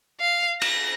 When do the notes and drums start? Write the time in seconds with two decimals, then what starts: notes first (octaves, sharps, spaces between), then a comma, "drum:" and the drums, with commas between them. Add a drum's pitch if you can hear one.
0.20 F5
0.62 A#6, drum: cymbal